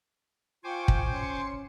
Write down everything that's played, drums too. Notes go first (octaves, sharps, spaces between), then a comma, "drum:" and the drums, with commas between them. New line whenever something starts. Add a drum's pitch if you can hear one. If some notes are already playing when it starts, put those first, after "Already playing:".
F4 C5 G5 G#5 C#6 D6
drum: kick
C#4 C6 C#7